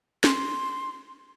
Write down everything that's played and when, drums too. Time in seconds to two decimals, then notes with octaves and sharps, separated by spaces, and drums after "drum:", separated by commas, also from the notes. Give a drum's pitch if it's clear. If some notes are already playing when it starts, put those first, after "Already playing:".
0.24 C6, drum: snare